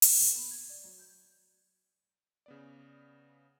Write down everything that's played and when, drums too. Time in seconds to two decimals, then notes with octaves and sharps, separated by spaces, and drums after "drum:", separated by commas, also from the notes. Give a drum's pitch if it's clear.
0.02 drum: open hi-hat
0.20 D#1
0.36 B3
0.51 G#6
0.69 D5
0.84 F#3
0.99 G6
2.46 C#3 B3 D5